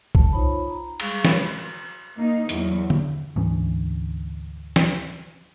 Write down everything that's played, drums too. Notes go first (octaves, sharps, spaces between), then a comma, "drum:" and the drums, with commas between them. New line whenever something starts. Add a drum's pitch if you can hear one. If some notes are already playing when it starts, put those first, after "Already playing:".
A5, drum: kick B1
D#4 F4 C5 C#5 B5
A#5
G3 G#3 G#4 F5 C#6, drum: cymbal
A#4 C#5 B5, drum: snare
A#3 D#4
E2 F#3, drum: hi-hat
drum: tom
D2 G#2 E3 C#4
drum: snare